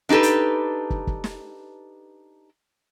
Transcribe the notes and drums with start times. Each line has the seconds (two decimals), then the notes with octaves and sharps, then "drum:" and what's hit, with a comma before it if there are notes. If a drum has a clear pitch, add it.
0.09 D4 D#4 G4 A4 B4
0.23 drum: hi-hat
0.90 drum: kick
1.07 drum: kick
1.24 drum: snare